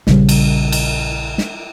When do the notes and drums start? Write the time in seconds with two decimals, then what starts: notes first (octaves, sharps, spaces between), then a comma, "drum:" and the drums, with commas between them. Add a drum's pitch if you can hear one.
0.07 A#1 C#3 G3, drum: snare
0.29 drum: cymbal
0.72 drum: cymbal
1.38 drum: snare